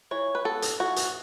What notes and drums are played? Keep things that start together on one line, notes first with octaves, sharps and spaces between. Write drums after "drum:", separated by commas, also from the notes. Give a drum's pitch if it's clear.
E3 C#5
B4
B3 A4
drum: hi-hat
E3 F#4
drum: hi-hat